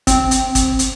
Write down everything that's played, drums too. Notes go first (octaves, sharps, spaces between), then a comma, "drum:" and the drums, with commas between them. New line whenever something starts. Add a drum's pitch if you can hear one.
C4, drum: kick, hi-hat
drum: hi-hat
drum: kick, hi-hat
drum: hi-hat